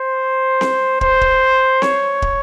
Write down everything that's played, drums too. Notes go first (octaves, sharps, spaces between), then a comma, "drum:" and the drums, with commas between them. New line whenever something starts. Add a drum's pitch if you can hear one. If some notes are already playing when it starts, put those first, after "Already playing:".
Already playing: C5
drum: snare C4
C5, drum: kick
drum: kick
C#5, drum: snare C4
drum: kick